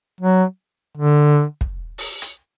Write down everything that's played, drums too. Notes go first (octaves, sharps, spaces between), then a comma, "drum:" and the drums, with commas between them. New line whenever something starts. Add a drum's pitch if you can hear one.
F#3
D3
drum: kick
drum: open hi-hat
drum: hi-hat